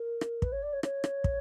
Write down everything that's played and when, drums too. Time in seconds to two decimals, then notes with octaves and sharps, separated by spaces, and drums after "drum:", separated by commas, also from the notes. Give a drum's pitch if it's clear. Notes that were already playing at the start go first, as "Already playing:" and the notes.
Already playing: A#4
0.21 drum: rim click
0.42 B4, drum: kick
0.52 C#5
0.62 D5
0.72 C#5
0.83 C#5, drum: rim click
1.04 drum: rim click
1.24 drum: kick